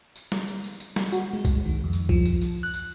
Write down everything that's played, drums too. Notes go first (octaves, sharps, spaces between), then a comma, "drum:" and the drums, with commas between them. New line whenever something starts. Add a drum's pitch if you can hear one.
drum: tambourine
drum: snare
drum: tambourine
drum: tambourine
drum: tambourine
drum: snare
F#4, drum: tambourine
G#3
drum: kick C2, tambourine
D#3
F2
drum: tambourine
F3, drum: kick C2
drum: tambourine
drum: tambourine
F#6
drum: tambourine